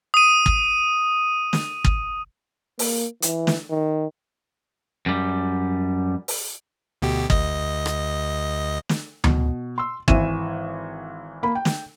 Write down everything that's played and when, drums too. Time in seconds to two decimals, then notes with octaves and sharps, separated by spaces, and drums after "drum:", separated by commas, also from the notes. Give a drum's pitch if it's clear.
0.14 D#6 D#7
0.46 drum: kick
1.53 drum: snare
1.84 drum: kick
2.79 A#3, drum: open hi-hat
3.22 E3, drum: hi-hat
3.47 drum: snare
3.71 D#3
5.06 F#2 G3
6.28 drum: open hi-hat
7.02 D2 B2 G4
7.30 D2 D#5, drum: kick
7.86 drum: rim click
8.89 drum: snare
9.24 B2, drum: tom D2
9.78 C6 E6
10.08 G#1 E3 E5 D#7 E7, drum: kick
11.43 A#3 B5
11.55 G5
11.65 drum: snare